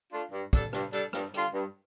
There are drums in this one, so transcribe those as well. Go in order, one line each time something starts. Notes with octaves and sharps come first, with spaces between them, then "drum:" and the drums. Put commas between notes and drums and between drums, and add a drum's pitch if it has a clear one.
A3 D4 F4
G2
G3 D4 A4, drum: kick, hi-hat
G2, drum: rim click
G3 D4 A4, drum: hi-hat
G2, drum: rim click
D3 G3 F4, drum: hi-hat
G2